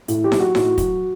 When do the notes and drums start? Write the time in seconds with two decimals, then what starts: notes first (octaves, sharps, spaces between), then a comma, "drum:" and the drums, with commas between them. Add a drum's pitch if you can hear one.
0.08 A2, drum: hi-hat
0.24 G4
0.32 F#3, drum: snare D#4
0.39 F#4
0.55 A2 F#4, drum: snare D#4
0.78 F#3, drum: kick, hi-hat